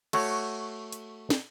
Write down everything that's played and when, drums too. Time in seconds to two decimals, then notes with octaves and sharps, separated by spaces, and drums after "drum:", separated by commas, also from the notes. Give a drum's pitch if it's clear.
0.13 A3 F#4 C#5 F#5, drum: cymbal
0.92 drum: hi-hat
1.30 drum: snare